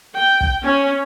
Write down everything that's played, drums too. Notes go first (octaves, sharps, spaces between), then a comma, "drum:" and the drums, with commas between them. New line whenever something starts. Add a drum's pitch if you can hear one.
G5
drum: kick
C#4